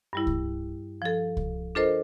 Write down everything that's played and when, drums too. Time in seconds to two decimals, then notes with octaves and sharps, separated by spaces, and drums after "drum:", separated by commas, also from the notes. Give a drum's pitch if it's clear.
0.13 G2 G3 E4
0.27 drum: kick C2
1.02 F3 A4
1.37 drum: kick C2
1.75 D4 F4 A4 A#4 C5 D#5